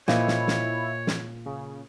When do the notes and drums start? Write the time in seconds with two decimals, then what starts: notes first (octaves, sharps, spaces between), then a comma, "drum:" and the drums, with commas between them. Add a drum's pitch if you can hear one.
0.08 A#2 E4 C5 C#5 D#5 F5, drum: snare
0.28 drum: snare
0.48 drum: snare
1.07 drum: snare
1.46 C#3